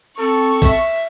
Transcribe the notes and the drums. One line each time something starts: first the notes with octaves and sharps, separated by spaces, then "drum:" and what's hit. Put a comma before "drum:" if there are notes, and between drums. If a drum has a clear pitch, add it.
C4 A4 C#6
E5, drum: kick A1, cymbal